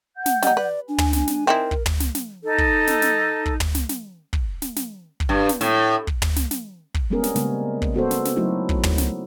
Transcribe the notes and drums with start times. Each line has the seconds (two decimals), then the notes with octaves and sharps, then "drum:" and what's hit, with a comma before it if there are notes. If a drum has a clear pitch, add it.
0.16 F#5 G6
0.26 drum: snare
0.43 G3 D#4 D#5, drum: snare
0.57 B4 D5
0.89 D4 G#5
0.98 drum: tom
1.13 drum: snare
1.27 drum: snare
1.47 C4 D#4 E4 A#4
1.71 drum: kick
1.86 drum: tom
2.00 drum: snare
2.15 drum: snare
2.44 D#4 A4
2.58 drum: kick
2.87 drum: snare
3.02 drum: snare
3.46 drum: kick
3.60 drum: tom
3.75 drum: snare
3.89 drum: snare
4.33 drum: kick
4.62 drum: snare
4.76 drum: snare
5.20 drum: kick
5.29 G2
5.49 drum: snare
5.61 A2, drum: snare
6.07 drum: kick
6.22 drum: tom
6.36 drum: snare
6.51 drum: snare
6.94 drum: kick
7.10 G3 G#3 B3 C#4 G#4 A#4
7.24 drum: snare
7.36 C#3 G3 G#3 A#3 C4, drum: snare
7.82 drum: kick
7.94 B3 F#4 A4 C5
8.11 drum: snare
8.25 drum: snare
8.36 F#3 A3 C4 D#4 E4 F#4
8.69 drum: kick
8.83 drum: tom
8.98 drum: snare